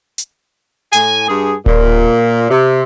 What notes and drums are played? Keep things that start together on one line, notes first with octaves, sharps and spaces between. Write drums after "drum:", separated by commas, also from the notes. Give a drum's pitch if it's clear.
drum: hi-hat
A2 G#5, drum: hi-hat
G2 G#4
A#2, drum: kick D1
C3